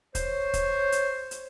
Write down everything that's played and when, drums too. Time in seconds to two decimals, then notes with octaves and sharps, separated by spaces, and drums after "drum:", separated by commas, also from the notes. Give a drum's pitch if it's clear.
0.15 C5 C#5, drum: kick, hi-hat
0.54 drum: kick, hi-hat
0.92 drum: hi-hat
1.31 drum: hi-hat